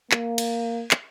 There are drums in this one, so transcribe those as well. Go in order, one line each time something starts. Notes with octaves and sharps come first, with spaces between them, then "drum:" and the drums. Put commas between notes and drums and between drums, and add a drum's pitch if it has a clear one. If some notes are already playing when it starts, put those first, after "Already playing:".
A#3, drum: clap
drum: cymbal
drum: clap